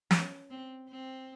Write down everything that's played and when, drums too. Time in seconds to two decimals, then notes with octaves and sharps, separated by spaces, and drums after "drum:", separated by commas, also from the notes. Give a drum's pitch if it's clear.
0.11 C#4, drum: snare
0.51 C4
0.90 C4